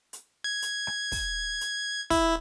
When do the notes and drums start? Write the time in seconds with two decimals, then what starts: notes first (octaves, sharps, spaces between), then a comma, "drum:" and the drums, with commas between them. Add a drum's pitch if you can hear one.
0.13 drum: hi-hat
0.44 G#6
0.62 drum: hi-hat
0.87 drum: rim click
1.12 drum: kick, open hi-hat
1.61 drum: hi-hat
2.10 E4, drum: kick, open hi-hat